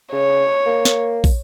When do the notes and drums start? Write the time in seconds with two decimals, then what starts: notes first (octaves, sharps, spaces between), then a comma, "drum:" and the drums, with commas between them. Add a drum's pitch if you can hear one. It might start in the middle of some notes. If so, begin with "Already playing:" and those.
0.12 C#3 C#5
0.66 A#3
0.85 drum: snare
1.24 drum: kick, open hi-hat